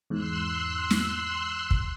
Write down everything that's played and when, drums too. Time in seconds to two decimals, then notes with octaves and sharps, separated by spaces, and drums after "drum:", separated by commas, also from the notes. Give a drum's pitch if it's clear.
0.10 E2 G#2 C6 E6 F#6
0.90 drum: snare
1.71 drum: kick